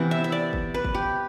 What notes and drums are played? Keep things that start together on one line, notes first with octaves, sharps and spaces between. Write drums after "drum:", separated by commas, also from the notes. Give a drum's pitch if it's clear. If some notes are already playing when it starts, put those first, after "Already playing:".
Already playing: C3 E3 B3
E5
E5
D5
drum: kick
B4
drum: kick
G4